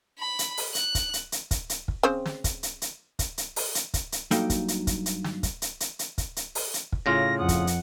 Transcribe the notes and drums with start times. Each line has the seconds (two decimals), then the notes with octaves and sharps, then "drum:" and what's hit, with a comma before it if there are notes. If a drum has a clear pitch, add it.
0.19 B5
0.39 drum: hi-hat
0.57 drum: open hi-hat
0.75 F#6, drum: hi-hat
0.95 drum: kick, hi-hat
1.13 drum: hi-hat
1.32 drum: hi-hat
1.51 drum: kick, hi-hat
1.69 drum: hi-hat
1.88 drum: kick
2.03 C#3 C4 C5
2.26 drum: snare
2.44 drum: kick, hi-hat
2.63 drum: hi-hat
2.82 drum: hi-hat
3.19 drum: kick, hi-hat
3.38 drum: hi-hat
3.56 drum: open hi-hat
3.75 drum: hi-hat
3.94 drum: kick, hi-hat
4.12 drum: hi-hat
4.31 G2 F#3 A#3 D#4 A4 G5, drum: hi-hat
4.50 drum: kick, hi-hat
4.68 drum: hi-hat
4.87 drum: kick, hi-hat
5.06 drum: hi-hat
5.24 drum: snare
5.43 drum: kick, hi-hat
5.62 drum: hi-hat
5.80 drum: hi-hat
5.99 drum: hi-hat
6.18 drum: kick, hi-hat
6.36 drum: hi-hat
6.55 drum: open hi-hat
6.74 drum: hi-hat
6.92 drum: kick
7.06 A2 C#3 F4 A#6
7.39 F2 F#5 D#6
7.49 drum: kick, hi-hat
7.67 drum: hi-hat